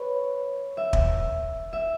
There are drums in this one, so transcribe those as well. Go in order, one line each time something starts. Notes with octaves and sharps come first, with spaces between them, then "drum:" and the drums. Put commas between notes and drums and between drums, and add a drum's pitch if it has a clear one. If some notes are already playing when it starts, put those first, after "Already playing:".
Already playing: B4 C#5
E5
drum: kick
E5